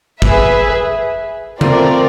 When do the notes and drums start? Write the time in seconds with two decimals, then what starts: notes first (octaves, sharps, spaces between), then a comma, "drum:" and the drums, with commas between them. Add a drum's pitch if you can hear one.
0.22 G#4 B4 E5, drum: kick
1.61 A3 C4 F4 A#4 D5, drum: tom C#3